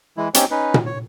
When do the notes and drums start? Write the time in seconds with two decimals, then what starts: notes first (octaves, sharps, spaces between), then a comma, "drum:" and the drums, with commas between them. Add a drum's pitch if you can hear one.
0.17 E3 G#3 E4
0.34 C4 C#4 D#4 G4 C#5, drum: hi-hat
0.51 C#4 D#4 B4
0.74 drum: tom A#2
0.86 C#5